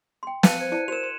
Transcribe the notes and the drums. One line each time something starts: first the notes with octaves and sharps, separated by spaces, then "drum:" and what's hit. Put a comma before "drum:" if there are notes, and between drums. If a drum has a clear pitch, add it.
G5 C6
B4 F5 A5 F#6 C#7 D#7, drum: snare
C5 G#6 C#7
E4 D5 A5 F#6 C#7 D#7
F#4 A#4 C5 E7 F7
C6 C#7